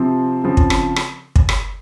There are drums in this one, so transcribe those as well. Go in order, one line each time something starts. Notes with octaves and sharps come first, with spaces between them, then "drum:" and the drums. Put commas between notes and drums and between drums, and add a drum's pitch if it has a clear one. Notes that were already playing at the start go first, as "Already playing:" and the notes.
Already playing: C3 F3 C4
C#3 F3 C4
drum: kick
drum: rim click
drum: rim click
drum: kick
drum: rim click